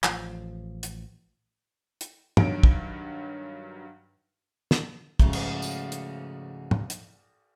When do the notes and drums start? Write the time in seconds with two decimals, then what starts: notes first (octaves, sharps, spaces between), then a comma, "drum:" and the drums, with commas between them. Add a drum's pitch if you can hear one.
0.04 A1 F3, drum: clap
0.83 drum: hi-hat
2.01 drum: hi-hat
2.37 G2 D#3 F#3 D7, drum: tom
2.63 drum: kick
4.71 drum: snare
5.20 G#2 C#3 F3 A3 F#4, drum: kick
5.33 drum: cymbal
5.62 drum: tambourine
5.92 drum: hi-hat
6.71 drum: tom
6.90 drum: hi-hat